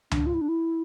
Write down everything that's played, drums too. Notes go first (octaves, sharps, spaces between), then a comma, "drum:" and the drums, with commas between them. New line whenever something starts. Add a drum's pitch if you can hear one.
D4, drum: tom C#2
F4
E4
D4
E4